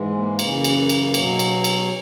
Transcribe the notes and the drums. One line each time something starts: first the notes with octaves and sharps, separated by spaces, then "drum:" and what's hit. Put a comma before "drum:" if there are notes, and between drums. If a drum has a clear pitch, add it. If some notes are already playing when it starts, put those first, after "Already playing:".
Already playing: G#2 E3 G#3
B3
A#3
F#2 C#3 E3, drum: cymbal
drum: cymbal
drum: cymbal
B2 F#3, drum: cymbal
drum: cymbal
drum: cymbal